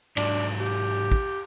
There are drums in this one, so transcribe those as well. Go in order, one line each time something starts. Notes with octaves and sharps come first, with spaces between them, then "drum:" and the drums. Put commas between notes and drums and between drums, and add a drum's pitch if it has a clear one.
G#2 F#3 D4, drum: cymbal
G4
drum: kick